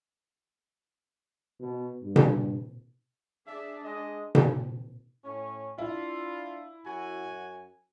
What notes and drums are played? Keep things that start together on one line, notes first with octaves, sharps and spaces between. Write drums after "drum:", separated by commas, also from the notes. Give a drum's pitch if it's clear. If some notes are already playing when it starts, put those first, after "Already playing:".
B2
G2
drum: tom B2
D4 G#4 E5
G#3 D#5
drum: tom B2
A2 C#4
D4 E4 F4
F#2 F#4 G#5